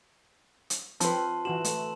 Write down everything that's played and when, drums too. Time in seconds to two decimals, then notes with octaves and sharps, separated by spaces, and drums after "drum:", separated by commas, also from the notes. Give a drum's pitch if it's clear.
0.70 drum: hi-hat
1.00 F3 C4 B4 A5 C6, drum: hi-hat
1.45 E3 E4 F#4 E7 F#7
1.64 A3, drum: hi-hat